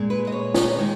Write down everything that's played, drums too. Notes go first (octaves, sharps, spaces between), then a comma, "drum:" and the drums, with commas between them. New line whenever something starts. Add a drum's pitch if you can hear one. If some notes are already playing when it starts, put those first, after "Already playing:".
Already playing: A#2 G#3
B4
D#5
C#5
C#5, drum: snare
D#3 G#3